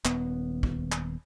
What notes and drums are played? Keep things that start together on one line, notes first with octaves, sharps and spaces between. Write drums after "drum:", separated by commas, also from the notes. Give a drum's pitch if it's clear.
D#1 B3, drum: clap
drum: kick
drum: clap